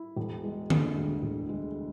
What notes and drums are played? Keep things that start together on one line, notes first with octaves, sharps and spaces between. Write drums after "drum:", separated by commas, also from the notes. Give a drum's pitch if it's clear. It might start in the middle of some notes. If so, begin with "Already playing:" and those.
Already playing: E4
E1
G#3
D3, drum: tom D3
D2
E1
G#3